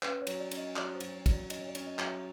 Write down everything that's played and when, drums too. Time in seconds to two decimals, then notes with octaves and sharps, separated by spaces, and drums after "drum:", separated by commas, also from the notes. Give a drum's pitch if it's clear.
0.03 C#4 B4, drum: clap
0.21 C#5
0.27 F#3, drum: cymbal
0.40 D5
0.51 C#4, drum: cymbal
0.57 D#5
0.76 F#3 D5, drum: clap
0.95 C5
1.00 F#3, drum: cymbal
1.14 C#5
1.26 F#3, drum: kick, cymbal
1.32 D5
1.50 C#4 D#5, drum: cymbal
1.59 C#5
1.68 D5
1.75 C#4, drum: cymbal
1.86 D#5
1.99 F#3, drum: clap
2.05 E5